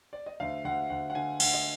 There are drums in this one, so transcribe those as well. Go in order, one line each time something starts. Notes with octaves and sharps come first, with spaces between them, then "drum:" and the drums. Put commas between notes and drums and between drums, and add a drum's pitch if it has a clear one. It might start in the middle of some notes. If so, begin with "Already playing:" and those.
D5
D#5
D2 F5
D2 F#5
D2 F#5
F#5
D3 G#5
D2 F#5, drum: cymbal
D#5